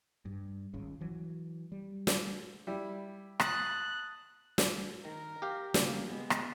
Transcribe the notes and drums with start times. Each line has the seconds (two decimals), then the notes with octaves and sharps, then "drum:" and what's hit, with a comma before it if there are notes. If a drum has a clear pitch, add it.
0.25 G2
0.74 G#1 C#2 C#3
1.01 E3 F#3
1.72 G3
2.07 drum: snare
2.67 G3 E4
3.40 A5 D#6 F#6 A6, drum: rim click
4.58 drum: snare
5.05 D#3 A#4
5.42 G4 F5
5.74 C#3 A#3, drum: snare
6.06 G#3 B3
6.30 drum: rim click